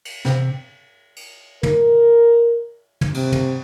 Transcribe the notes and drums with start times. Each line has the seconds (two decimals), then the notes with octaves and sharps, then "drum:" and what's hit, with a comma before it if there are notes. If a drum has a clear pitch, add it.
0.05 drum: cymbal
0.25 C3, drum: snare
1.16 drum: cymbal
1.63 A#4, drum: tom
3.01 drum: tom
3.14 C3, drum: cymbal
3.32 drum: tom